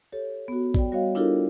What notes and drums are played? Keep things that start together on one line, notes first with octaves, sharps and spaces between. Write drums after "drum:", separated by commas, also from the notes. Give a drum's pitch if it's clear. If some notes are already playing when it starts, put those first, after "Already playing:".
G4 A4 C#5
B3 F#4
D5 G5, drum: kick A1, tambourine
G3 F#4 C#5 D#5 F5
D4 E4 F4 G4 A4 A#4, drum: tambourine